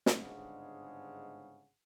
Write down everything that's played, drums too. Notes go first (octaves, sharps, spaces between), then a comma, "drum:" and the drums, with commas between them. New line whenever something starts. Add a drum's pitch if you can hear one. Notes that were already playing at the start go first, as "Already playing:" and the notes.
drum: snare
G1 G#2 C#3 G#3 D4 F#5